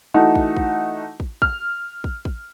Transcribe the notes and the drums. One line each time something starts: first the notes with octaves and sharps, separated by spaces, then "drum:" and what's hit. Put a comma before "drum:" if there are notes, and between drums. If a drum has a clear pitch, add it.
E3 A3 D#4 F#4
drum: kick
drum: kick
drum: kick
F6, drum: kick
drum: kick
drum: kick